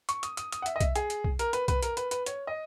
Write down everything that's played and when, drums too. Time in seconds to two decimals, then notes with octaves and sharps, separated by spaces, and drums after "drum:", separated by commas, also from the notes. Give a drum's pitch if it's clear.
0.09 C#6, drum: hi-hat
0.23 D#6, drum: hi-hat
0.37 D#6, drum: hi-hat
0.52 D#6, drum: hi-hat
0.62 F#5
0.66 E5, drum: hi-hat
0.76 D#5
0.81 E5, drum: kick B1, hi-hat
0.96 G#4, drum: hi-hat
1.10 drum: hi-hat
1.24 drum: kick B1
1.39 A#4, drum: hi-hat
1.53 B4, drum: hi-hat
1.68 B4, drum: kick B1, hi-hat
1.83 A#4, drum: hi-hat
1.97 B4, drum: hi-hat
2.11 B4, drum: hi-hat
2.26 C#5, drum: hi-hat
2.47 D#5